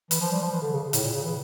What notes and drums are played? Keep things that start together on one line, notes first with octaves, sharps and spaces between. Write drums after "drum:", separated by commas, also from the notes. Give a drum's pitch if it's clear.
E3, drum: hi-hat
F3
G3
F3
E3
D3
C#3
C#3
A2, drum: hi-hat
A#2
C#3
E3